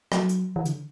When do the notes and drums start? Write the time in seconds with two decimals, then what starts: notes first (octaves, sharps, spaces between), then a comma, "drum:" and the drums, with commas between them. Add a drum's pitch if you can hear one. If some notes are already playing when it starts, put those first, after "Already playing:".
0.12 F#3, drum: rim click
0.29 drum: hi-hat
0.56 E3
0.65 D3, drum: hi-hat